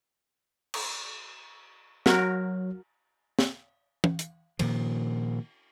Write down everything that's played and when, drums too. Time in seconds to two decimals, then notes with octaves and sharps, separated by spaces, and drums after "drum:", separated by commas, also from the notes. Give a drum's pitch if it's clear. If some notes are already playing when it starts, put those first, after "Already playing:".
0.74 drum: cymbal
2.06 F#3 F#4 A#4, drum: snare
3.39 drum: snare
4.04 drum: tom
4.19 drum: hi-hat
4.59 A#2 D#3 F3, drum: cymbal